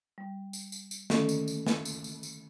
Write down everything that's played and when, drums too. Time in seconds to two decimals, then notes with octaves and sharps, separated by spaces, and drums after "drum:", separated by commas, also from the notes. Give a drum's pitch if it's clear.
0.18 G3
0.53 drum: tambourine
0.72 drum: tambourine
0.91 drum: tambourine
1.10 D3 D#3 A3 C#4 A4, drum: snare
1.29 drum: tambourine
1.48 drum: tambourine
1.66 drum: snare
1.85 drum: tambourine
2.04 drum: tambourine
2.23 drum: tambourine